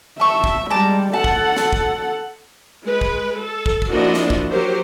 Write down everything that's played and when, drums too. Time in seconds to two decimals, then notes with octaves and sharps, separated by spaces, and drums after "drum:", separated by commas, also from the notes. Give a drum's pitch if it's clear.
0.20 A4 E5 C#6
0.44 drum: kick
0.70 G3 G#3 A5 A#5 D6
1.13 A4 F#5 A5
1.24 drum: kick
1.56 drum: snare
1.73 drum: kick
2.85 G#3 B4
3.01 drum: kick
3.40 A4
3.66 drum: kick
3.82 drum: kick
3.91 F3 A#3 D4 E4 F#4 D#5
4.14 drum: snare
4.30 drum: kick
4.51 F#3 G4 A#4 C5